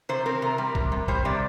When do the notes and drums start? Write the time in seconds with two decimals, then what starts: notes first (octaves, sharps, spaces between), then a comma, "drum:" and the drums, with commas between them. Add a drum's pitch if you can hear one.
0.09 C3 C5
0.26 C4 A#4
0.42 C3 A#4
0.58 G3
0.75 C3, drum: kick
0.92 C3
1.08 G3 C5, drum: kick
1.25 C3 D5